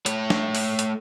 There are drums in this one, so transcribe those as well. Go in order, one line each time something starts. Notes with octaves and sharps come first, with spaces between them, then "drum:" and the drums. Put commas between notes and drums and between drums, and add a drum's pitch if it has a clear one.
A3 C#5, drum: hi-hat
drum: snare
drum: open hi-hat
drum: hi-hat